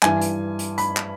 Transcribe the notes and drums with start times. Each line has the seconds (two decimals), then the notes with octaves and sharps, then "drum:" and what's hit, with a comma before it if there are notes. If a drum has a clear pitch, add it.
0.03 G2 E3 G#5, drum: clap
0.21 drum: hi-hat
0.59 drum: hi-hat
0.78 B5, drum: hi-hat
0.97 drum: clap